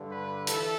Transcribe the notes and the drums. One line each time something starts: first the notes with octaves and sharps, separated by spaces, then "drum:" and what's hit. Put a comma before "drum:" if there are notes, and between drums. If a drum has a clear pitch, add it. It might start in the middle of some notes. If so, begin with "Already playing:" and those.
Already playing: G2 D3
B4
E3 A4, drum: hi-hat